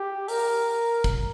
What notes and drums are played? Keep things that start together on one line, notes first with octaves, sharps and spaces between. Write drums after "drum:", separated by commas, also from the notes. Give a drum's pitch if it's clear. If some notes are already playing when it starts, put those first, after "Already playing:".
Already playing: G4
A#4, drum: open hi-hat
drum: kick, hi-hat